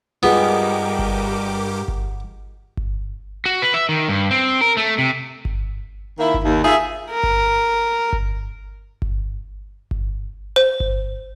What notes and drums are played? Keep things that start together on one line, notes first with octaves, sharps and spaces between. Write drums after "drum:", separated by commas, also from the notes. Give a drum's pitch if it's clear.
G2 B3 F4 G4 G#4 A#4 D#5 D6
drum: kick G1
drum: kick G1
drum: kick G1
F#4
B4
E5
D#3
G2
C4
A#4
A3
C3
drum: kick G1
D#3 A#3 E4
drum: kick G1
D#2
D#4 F4 G#4 E5
A#4
drum: kick G1
drum: kick G1
drum: kick G1
drum: kick G1
C5
drum: kick G1